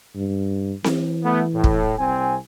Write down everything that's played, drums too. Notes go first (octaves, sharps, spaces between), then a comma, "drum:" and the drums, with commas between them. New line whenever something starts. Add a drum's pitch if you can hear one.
G2
E3, drum: snare C4
A3 B3
A2
drum: kick
C2 C4 G#5